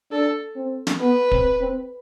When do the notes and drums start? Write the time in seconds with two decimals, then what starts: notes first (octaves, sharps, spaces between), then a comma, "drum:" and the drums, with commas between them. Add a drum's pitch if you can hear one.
0.11 D4 A4
0.56 C4
0.87 drum: snare
1.01 B3 B4
1.31 C4, drum: kick
1.61 C4